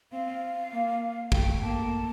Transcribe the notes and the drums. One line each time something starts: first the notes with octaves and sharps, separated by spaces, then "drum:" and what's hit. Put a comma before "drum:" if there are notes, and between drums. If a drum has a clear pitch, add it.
C4 F5
A#3
A3 G5, drum: kick
A#3 A5